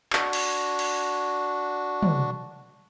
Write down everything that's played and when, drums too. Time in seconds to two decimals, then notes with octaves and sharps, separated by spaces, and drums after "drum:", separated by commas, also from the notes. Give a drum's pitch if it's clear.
0.13 D4 F#4, drum: clap
0.33 drum: cymbal
0.79 drum: cymbal
2.03 drum: tom